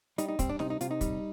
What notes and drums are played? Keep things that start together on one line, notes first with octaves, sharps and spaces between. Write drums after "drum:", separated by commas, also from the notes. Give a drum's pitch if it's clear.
G3 D#4, drum: hi-hat
D#4
G3 C4, drum: kick, hi-hat
D4
C3 D#4, drum: snare
D#4
C3 F4, drum: hi-hat
D#4
G3, drum: kick, hi-hat